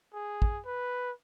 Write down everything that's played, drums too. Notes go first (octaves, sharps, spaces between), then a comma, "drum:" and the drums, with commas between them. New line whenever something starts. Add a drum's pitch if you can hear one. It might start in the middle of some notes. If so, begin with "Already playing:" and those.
G#4
drum: kick
B4